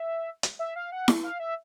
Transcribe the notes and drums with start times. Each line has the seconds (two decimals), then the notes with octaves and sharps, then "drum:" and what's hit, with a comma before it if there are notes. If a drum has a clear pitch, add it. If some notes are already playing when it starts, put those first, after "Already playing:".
Already playing: E5
0.43 drum: hi-hat
0.59 E5
0.76 F5
0.92 F#5
1.08 drum: snare E4
1.23 F5
1.40 E5